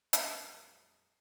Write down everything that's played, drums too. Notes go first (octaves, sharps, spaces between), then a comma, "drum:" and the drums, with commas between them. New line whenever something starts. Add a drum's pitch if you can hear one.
F2 A#2 F#3 G#3 A#4 F7, drum: hi-hat